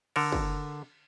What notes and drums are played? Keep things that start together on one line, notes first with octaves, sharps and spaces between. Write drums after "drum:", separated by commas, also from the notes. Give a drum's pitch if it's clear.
D3 A4 A#4, drum: cymbal
drum: kick